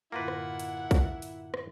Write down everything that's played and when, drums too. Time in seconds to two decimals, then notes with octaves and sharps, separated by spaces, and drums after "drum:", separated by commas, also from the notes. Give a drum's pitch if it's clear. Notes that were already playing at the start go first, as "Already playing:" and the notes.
0.12 F#2 A2 D3 A#3 E4 F4 B4 F#5
0.28 drum: rim click
0.59 drum: hi-hat
0.91 drum: kick, hi-hat
1.22 drum: hi-hat
1.54 drum: rim click